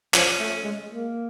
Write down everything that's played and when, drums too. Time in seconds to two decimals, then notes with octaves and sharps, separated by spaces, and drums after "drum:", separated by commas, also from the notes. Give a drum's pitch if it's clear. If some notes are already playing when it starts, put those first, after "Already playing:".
0.14 F3 C#4, drum: clap
0.39 A3
0.63 G#3
0.87 A#3